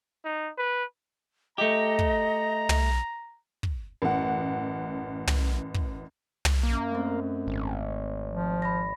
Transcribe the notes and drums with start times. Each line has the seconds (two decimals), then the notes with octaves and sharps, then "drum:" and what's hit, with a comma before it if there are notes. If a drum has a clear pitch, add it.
0.24 D#4
0.58 B4
1.58 A3 G4 D#5 A#5
1.99 drum: kick
2.69 drum: tom
3.63 drum: kick
4.02 A1 F#2 F#5
5.27 drum: tom
5.74 drum: kick
6.45 drum: tom
6.63 F#2 A#3
6.92 A3 C4
7.47 G#1
8.31 F3
8.62 B5 A#6